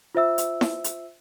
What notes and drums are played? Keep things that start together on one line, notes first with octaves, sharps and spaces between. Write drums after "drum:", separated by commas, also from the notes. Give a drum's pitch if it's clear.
F4 C5 E5 E6
drum: hi-hat
drum: snare E4
drum: hi-hat